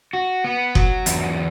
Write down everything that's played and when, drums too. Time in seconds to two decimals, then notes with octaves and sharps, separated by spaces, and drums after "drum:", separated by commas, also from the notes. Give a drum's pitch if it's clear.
0.13 F#4
0.44 B3
0.75 F#3, drum: kick F#1
1.06 E2, drum: hi-hat